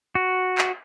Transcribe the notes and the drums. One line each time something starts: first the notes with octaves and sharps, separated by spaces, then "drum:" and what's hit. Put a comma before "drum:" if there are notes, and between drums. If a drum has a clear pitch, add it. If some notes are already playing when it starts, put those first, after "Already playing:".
F#4
drum: clap